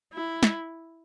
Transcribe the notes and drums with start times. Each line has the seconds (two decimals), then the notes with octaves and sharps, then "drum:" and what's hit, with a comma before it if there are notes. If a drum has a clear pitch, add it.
0.14 E4
0.43 drum: snare